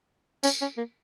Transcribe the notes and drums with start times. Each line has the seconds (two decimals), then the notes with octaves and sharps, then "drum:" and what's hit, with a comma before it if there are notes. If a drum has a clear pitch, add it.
0.43 C#4, drum: tambourine
0.61 C#4
0.77 A#3